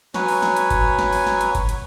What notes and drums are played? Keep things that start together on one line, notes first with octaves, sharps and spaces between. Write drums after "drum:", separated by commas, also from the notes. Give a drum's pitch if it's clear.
F#3 B4 C#5 G#5, drum: snare
drum: open hi-hat
drum: snare
drum: hi-hat
drum: kick G1, hi-hat
drum: snare
drum: open hi-hat
drum: snare
drum: hi-hat
drum: kick G1, hi-hat
drum: hi-hat